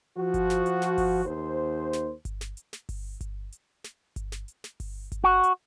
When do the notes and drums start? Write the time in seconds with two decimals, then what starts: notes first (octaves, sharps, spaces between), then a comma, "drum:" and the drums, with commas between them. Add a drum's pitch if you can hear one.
0.18 F3 F#4
0.34 drum: kick G1, hi-hat
0.50 drum: snare
0.66 drum: hi-hat
0.82 drum: snare
0.98 drum: kick G1, open hi-hat
1.25 D#2 C5
1.93 drum: snare
2.25 drum: kick G1, hi-hat
2.41 drum: snare
2.57 drum: hi-hat
2.73 drum: snare
2.89 drum: kick G1, open hi-hat
3.21 drum: kick G1, hi-hat
3.52 drum: hi-hat
3.84 drum: snare
4.16 drum: kick G1, hi-hat
4.32 drum: snare
4.48 drum: hi-hat
4.64 drum: snare
4.80 drum: kick G1, open hi-hat
5.12 drum: kick G1, hi-hat
5.24 F#4
5.44 drum: hi-hat